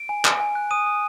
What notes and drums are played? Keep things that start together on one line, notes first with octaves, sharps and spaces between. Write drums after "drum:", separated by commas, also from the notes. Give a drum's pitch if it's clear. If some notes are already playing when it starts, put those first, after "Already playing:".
Already playing: D7
G#5
G#5, drum: clap
G#5
F#6
D#6 D#7
D#6